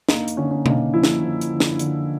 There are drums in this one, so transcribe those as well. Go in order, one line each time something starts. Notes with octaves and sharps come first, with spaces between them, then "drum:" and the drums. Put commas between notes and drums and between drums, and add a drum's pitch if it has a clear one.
A#3 D#4, drum: snare
drum: hi-hat
D3 C#4
C#4
A#3 D#4, drum: tom B2
F3 E4
drum: snare
F3
drum: hi-hat
D3
drum: snare
D3, drum: hi-hat